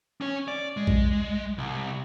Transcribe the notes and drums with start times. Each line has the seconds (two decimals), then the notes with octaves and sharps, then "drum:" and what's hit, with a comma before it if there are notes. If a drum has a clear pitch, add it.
0.21 C#4 C#5
0.48 D5
0.77 G#3
0.87 drum: kick B1
1.58 C2